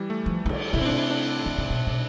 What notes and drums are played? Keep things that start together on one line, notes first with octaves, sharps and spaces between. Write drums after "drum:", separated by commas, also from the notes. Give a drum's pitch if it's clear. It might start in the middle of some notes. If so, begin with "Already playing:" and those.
Already playing: E3 G3
A3
F3
E3
D3, drum: cymbal
C3 E4
B2 C4
C3 D4
E4
D4
D3
C3
B2
B2